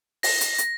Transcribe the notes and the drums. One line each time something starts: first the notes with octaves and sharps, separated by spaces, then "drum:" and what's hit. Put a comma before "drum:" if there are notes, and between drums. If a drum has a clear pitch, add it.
A#6, drum: open hi-hat
drum: hi-hat
drum: hi-hat